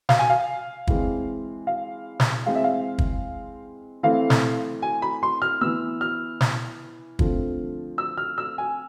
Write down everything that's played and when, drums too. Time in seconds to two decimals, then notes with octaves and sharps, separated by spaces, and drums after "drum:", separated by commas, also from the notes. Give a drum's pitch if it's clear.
0.09 F5, drum: snare
0.19 G#5
0.30 F5
0.87 E3 G#3 C4, drum: kick
1.67 F5
2.20 drum: snare
2.46 E3 G#3 C4 F5
2.55 E5
2.64 F5
2.98 drum: kick
4.03 E3 A3 C4 F5
4.30 drum: snare
4.82 G#5
5.02 B5
5.23 C6
5.42 F6
5.61 E3 B3 E6
6.01 F6
6.41 drum: snare
7.19 D3 F3 A3 C4, drum: kick
7.98 E6
8.17 F6
8.38 E6
8.58 G#5